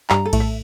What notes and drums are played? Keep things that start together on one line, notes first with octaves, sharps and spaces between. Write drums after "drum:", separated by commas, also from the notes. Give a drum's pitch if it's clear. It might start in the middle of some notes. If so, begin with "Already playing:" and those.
G2 G3 A#5, drum: clap
A4
A2 A3, drum: kick A#1, cymbal
E5